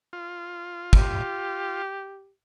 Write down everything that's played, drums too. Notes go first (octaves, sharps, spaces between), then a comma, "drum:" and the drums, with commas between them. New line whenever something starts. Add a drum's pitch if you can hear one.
F4
G4, drum: kick